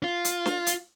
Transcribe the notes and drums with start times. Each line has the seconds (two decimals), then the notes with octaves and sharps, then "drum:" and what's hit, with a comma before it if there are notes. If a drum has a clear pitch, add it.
0.04 F4
0.25 drum: hi-hat
0.46 drum: snare
0.67 drum: hi-hat